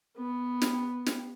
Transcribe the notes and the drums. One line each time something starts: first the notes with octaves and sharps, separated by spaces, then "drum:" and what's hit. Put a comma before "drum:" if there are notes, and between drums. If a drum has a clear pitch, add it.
B3
drum: snare
drum: snare